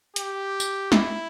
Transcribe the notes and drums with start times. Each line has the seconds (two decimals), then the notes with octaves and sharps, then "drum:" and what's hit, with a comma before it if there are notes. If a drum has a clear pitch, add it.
0.16 G4, drum: hi-hat
0.60 drum: tambourine
0.92 E4, drum: snare